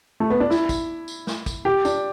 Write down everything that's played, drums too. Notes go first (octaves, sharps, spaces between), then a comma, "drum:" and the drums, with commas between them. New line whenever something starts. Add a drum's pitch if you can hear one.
A3
B3
D4
E4, drum: snare
drum: kick, tambourine
drum: tambourine
drum: snare
drum: kick, tambourine
G4
D4, drum: tambourine